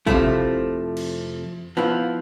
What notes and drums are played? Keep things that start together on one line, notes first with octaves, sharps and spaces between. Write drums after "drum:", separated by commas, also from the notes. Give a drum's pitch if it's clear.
F2 C3 F3 A3 E4, drum: kick
drum: cymbal
F3 B3 E4